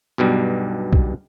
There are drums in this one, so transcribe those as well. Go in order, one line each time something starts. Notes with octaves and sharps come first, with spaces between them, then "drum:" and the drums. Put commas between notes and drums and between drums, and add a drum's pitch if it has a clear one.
B1 G2 B2 G3
drum: kick B1